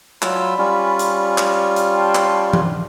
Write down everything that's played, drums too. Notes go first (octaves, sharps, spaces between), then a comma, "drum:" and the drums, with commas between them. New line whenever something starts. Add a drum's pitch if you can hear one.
F#3 F4 D5 G#5 B5 E6, drum: clap
G3 C#4 F4
drum: hi-hat
drum: clap
drum: hi-hat
G5 A5 C6
drum: clap
drum: tom E3